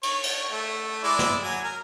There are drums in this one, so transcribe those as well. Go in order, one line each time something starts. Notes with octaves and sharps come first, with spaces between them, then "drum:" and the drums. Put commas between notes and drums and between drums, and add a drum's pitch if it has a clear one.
C#5, drum: cymbal
drum: cymbal
A3
G#3 E4 D5
drum: snare
F#3 G#5
A#4